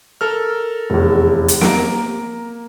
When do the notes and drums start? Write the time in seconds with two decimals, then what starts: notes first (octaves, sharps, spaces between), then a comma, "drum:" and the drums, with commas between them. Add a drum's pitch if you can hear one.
0.21 A4 A#4 F6
0.90 F1 E2
1.48 drum: hi-hat
1.61 A#3 A#5 D7, drum: snare